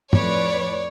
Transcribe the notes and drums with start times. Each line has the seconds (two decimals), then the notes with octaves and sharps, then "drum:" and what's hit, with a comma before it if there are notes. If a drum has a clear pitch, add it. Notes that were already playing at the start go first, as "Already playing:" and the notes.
0.13 F2 A2 B4 C#5 D5, drum: tom